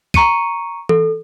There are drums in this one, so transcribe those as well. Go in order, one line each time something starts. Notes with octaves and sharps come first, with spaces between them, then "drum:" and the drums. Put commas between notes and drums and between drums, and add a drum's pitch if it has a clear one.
A#5 C#6 C#7 D#7, drum: kick
A4, drum: tom E3